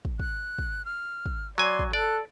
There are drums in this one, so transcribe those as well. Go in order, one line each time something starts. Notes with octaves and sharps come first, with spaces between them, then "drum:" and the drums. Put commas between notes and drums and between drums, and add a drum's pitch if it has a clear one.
drum: kick
F#6, drum: kick
drum: kick
F6
drum: kick
F#3 D5 G#5 C6
drum: kick
A4 D5 F#6